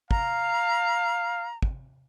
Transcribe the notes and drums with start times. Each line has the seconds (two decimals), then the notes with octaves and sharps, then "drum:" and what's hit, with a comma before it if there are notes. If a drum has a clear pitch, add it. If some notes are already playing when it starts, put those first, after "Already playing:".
0.11 F5 A#5, drum: kick
1.62 drum: kick